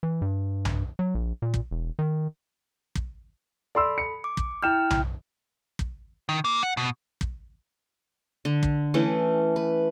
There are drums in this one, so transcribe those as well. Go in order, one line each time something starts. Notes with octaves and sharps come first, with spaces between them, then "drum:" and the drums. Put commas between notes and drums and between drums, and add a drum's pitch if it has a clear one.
E3
G2
drum: tom B1
F#3
A#1
A#2
drum: kick
E1
D#3
drum: kick
A4 D5 B5 C6 E6
C#7
D6
drum: kick
E4 G5 F6 G6 E7
drum: tom B1
drum: kick
D#3
A#3
F#5
B2
drum: kick
D3
drum: kick
E3 A3 C#4
B4